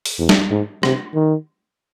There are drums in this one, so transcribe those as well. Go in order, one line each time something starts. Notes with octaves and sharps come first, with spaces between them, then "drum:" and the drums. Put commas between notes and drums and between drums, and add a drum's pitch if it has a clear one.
drum: open hi-hat
E2
drum: snare
G#2
C3, drum: rim click
D#3